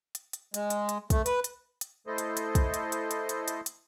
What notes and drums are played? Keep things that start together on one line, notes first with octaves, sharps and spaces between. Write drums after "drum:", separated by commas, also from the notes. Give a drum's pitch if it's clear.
drum: hi-hat
drum: hi-hat
G#3, drum: hi-hat
drum: hi-hat
drum: hi-hat
A3, drum: kick, hi-hat
B4, drum: hi-hat
drum: hi-hat
drum: hi-hat
A3 E4 A4 C5 D#5
drum: hi-hat
drum: hi-hat
drum: kick, hi-hat
drum: hi-hat
drum: hi-hat
drum: hi-hat
drum: hi-hat
drum: hi-hat
drum: hi-hat